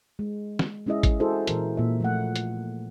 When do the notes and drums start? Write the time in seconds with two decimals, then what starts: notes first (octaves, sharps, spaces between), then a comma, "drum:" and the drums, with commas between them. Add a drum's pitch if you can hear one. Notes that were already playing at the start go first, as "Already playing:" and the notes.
0.19 G#3
0.59 drum: snare
0.86 G#3 C#4 E4 G#4 D#5 E5
1.03 drum: kick G#1, hi-hat
1.20 E4 F#4 G#4 A4 C5
1.47 A#2 E3 A#4, drum: hi-hat
1.77 A#2 E5
2.00 F3 A3 F#5
2.36 drum: hi-hat